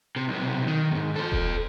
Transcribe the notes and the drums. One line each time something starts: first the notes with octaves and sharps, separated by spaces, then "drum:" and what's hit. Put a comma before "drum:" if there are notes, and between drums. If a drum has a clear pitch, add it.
C3
B1 C3
D#3
F2 G#2
A4 C5
drum: kick E1